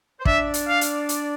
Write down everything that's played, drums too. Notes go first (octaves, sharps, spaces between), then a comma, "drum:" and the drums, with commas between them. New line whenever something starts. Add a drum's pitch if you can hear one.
C5
D4 D5 E5, drum: kick
drum: hi-hat
F5
drum: hi-hat
drum: hi-hat